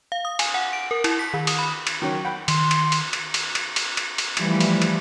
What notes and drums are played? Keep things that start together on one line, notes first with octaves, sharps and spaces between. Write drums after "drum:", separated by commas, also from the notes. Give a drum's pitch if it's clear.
F5
D#6
G#5, drum: cymbal
F#5
D7
A#4
E4, drum: cymbal
B6
D#3
D#6, drum: cymbal
B5
drum: cymbal
D#3 F#3 C#4
F#5 G5 B5
D#3 C6, drum: cymbal
drum: cymbal
drum: cymbal
drum: cymbal
drum: cymbal
drum: cymbal
drum: cymbal
drum: cymbal
drum: cymbal
E3 F3 G3 A3, drum: cymbal
drum: cymbal
drum: cymbal